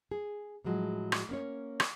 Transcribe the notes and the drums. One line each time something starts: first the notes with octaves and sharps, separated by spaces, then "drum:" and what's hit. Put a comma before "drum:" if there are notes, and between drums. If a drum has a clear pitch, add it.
G#4
A2 F3 F#3 G#3
drum: rim click
A#3 C#4 C#5
drum: rim click